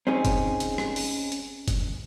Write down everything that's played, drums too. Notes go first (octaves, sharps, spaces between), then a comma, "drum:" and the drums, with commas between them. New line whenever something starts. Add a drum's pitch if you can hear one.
C4 C#4 D#4 G#4
drum: kick F#1, hi-hat
drum: hi-hat
drum: rim click
drum: open hi-hat
drum: hi-hat
drum: kick F#1, hi-hat